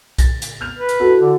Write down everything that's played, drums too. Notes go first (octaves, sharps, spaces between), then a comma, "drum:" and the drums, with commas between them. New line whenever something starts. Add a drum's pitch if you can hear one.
A6 A#6, drum: kick B1, hi-hat
drum: hi-hat
F6 G6 F7
B4
drum: hi-hat
E4 F#4 A4
D3